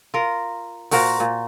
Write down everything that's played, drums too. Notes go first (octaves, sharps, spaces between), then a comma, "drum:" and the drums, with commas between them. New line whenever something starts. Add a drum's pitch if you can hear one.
F4 A#4
A#2 F#4 A#4 C5, drum: open hi-hat
A#2